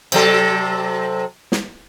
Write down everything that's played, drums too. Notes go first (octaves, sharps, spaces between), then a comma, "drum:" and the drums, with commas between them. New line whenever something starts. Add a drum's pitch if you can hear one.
C3 F#3 A4, drum: cymbal
drum: snare